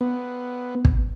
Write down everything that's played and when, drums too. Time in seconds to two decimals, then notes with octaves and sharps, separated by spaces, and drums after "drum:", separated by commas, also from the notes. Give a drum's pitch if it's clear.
0.01 B3
0.85 drum: kick